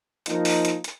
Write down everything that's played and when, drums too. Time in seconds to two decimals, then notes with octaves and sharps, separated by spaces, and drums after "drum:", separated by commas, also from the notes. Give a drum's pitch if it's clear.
0.26 F3 A#3 D#4, drum: hi-hat
0.45 drum: open hi-hat
0.65 drum: hi-hat
0.84 drum: hi-hat